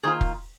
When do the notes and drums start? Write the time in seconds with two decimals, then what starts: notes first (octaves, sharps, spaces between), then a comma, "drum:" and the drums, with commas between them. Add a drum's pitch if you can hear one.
0.03 D#3 A#3 F4 G#4 C5
0.21 drum: kick